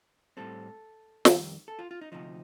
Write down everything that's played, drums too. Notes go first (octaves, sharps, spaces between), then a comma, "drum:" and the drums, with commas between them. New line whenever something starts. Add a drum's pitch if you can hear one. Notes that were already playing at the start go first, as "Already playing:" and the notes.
A2 G3 C4 A4
F2 D#3 G3, drum: snare
A4
F4
F4
D#4
D2 C3 F3 D#4